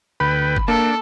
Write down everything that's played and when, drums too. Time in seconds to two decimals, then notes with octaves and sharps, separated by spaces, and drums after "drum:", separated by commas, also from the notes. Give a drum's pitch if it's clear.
0.20 D2 B4 G5 B5
0.57 drum: kick F#1
0.68 A#3 D4 A4